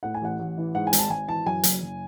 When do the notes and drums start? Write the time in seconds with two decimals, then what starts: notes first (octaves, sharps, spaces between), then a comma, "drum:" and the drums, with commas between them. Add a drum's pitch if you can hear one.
0.03 A2 F#5
0.14 G#5
0.22 A1 F#5
0.39 A1
0.57 E3
0.75 G#2 F#5
0.87 G#5
0.93 G#1, drum: hi-hat
0.98 A5
1.10 G#1 G#5
1.29 E3 A5
1.46 F#2 G#5
1.63 F#1, drum: hi-hat
1.82 F#1